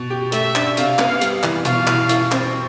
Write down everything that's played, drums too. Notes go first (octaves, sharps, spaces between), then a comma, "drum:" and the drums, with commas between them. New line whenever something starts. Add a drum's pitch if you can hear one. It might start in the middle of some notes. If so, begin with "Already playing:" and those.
Already playing: B2
G4
A3 E5, drum: hi-hat
D4, drum: clap
C3 F5, drum: hi-hat
B3, drum: clap
G3, drum: hi-hat
E3, drum: clap
B2 F5, drum: hi-hat
E4, drum: clap
E4, drum: hi-hat
C4, drum: clap